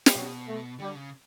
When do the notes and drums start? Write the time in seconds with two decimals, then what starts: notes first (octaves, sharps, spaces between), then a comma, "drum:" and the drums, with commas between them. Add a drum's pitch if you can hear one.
0.06 drum: snare
0.15 B2 F#3
0.48 A3
0.79 D3 G3
0.95 C#3